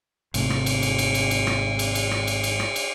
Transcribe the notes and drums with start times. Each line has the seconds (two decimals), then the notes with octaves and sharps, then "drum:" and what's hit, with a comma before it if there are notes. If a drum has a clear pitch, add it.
0.34 G#1 C3 A3, drum: cymbal
0.50 drum: rim click
0.66 drum: cymbal
0.82 drum: cymbal
0.99 drum: cymbal
1.15 drum: cymbal
1.31 drum: cymbal
1.47 drum: rim click
1.79 drum: cymbal
1.95 drum: cymbal
2.11 drum: rim click
2.27 drum: cymbal
2.43 drum: cymbal
2.60 drum: rim click
2.76 drum: cymbal